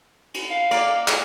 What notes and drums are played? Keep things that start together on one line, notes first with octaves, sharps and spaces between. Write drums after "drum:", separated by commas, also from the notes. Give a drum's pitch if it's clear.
drum: cymbal
F5
A#3 D5 D6, drum: cymbal
drum: clap